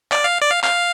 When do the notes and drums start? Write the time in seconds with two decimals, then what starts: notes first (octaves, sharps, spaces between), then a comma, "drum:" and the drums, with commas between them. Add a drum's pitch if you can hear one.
0.12 D5, drum: clap
0.24 F5
0.42 D5
0.51 F5
0.64 F5, drum: clap